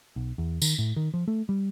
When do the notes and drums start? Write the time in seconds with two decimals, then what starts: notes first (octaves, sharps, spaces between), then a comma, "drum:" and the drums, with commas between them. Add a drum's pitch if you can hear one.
0.16 B1
0.38 E2
0.62 D#3, drum: tambourine
0.79 A2
0.96 D#3
1.14 F3
1.28 A3
1.49 G3